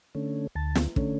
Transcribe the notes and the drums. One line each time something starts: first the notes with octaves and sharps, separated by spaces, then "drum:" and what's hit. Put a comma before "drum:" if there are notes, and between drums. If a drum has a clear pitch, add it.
D3 A3 C#4
D2 A5
drum: snare
D3 A3 C#4, drum: kick